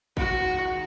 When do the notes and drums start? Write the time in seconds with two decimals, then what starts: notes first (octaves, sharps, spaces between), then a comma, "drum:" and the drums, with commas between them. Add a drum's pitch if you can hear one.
0.17 D#3 G#3 D#4 F#4, drum: kick A1